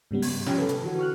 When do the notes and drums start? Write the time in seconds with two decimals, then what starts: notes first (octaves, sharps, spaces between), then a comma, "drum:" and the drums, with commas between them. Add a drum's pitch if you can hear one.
0.11 G#2 C#3 G3 B3
0.22 G#6, drum: open hi-hat
0.46 F3 C#4 G4, drum: snare
0.58 A4 B4
0.69 drum: hi-hat
0.82 D3 E3 F#4
0.99 C#6 F6 F#6